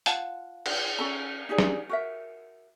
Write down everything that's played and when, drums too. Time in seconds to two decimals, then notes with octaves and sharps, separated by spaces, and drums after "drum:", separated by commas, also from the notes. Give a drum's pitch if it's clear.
0.06 F4 F5 F#5 A5, drum: hi-hat
0.66 drum: cymbal
0.99 C#4 A4 A#5
1.49 D#4 G4 G#4 D5
1.58 drum: snare
1.89 F#4 A#4 E5